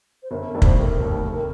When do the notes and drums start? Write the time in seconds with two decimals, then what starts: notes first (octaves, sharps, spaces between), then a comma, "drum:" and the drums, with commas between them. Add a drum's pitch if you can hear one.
0.22 C5
0.30 G1 A#4
0.39 A4
0.46 A#4
0.54 G2 D#3 A3 D4
0.62 C5, drum: kick
0.77 F1 A#4
1.00 D#2 D#3 A3
1.23 F1